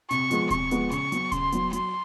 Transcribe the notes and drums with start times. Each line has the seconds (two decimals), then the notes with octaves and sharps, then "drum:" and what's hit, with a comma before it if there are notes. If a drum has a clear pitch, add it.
0.11 C3 C#6, drum: hi-hat
0.31 F3 G#3 B3, drum: hi-hat
0.50 C3 C#6, drum: kick D#1, hi-hat
0.71 F3 G#3 B3, drum: hi-hat
0.91 C#3 C#6, drum: hi-hat
1.12 F#3 B3, drum: hi-hat
1.32 C#3 C6, drum: kick D#1, hi-hat
1.52 F#3 B3, drum: hi-hat
1.73 F#3 C6, drum: hi-hat